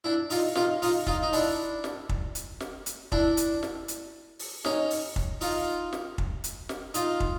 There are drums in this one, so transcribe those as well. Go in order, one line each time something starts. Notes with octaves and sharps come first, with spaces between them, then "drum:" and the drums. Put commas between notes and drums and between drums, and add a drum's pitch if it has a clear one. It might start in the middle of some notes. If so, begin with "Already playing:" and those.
D4 E4
D#4 F4, drum: open hi-hat
D#4 F4, drum: snare
D#4 F4, drum: open hi-hat
D#4 F4, drum: kick
D#4
D4 E4, drum: open hi-hat
drum: snare
drum: kick
drum: hi-hat
drum: snare
drum: hi-hat
D4 E4, drum: kick
drum: hi-hat
drum: snare
drum: hi-hat
drum: open hi-hat
C#4 D#4, drum: snare
drum: open hi-hat
drum: kick
D#4 F4, drum: open hi-hat
drum: snare
drum: kick
drum: hi-hat
drum: snare
D#4 F4, drum: hi-hat
drum: kick